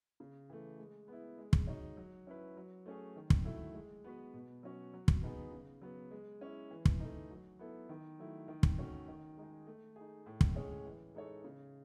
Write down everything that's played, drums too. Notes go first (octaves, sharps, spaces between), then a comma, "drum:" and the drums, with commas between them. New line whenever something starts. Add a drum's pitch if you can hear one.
C#3
E3 A3
G#3
B3 E4
G#3
drum: kick
D#4 F#4 C#5
F#3
C#4 E4 B4
F#3
A3 C#4 G#4
D#3
drum: kick
F#3 A3 E4
G#3
B3 F#4 B4
B2
F#3 C#4 F#4
F#3
drum: kick
B3 D#4 G#4 B4
C#3
F#3 B3
G#3
C#4 E4
E3
drum: kick
A3 D#4
F#3
B3 E4 A4
D#3
F#3 A3 E4
D#3
drum: kick
A3 C#4 F#4 A4
D#3
G#3 D#4 G#4
A3
D#4 G#4
A2
drum: kick
G#3 C#4 G#4 C#5
E3
G#3 D#4 A4 C#5
C#3